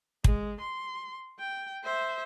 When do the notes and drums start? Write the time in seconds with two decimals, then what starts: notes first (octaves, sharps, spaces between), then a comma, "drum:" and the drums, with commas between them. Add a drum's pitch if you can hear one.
0.24 G#3, drum: kick
0.61 C6
1.40 G5
1.84 C5 E5